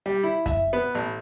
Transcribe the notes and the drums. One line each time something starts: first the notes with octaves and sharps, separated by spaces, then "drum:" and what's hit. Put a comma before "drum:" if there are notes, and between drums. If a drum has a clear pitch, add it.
G3
E4
E5, drum: kick F#2, hi-hat
B3
A1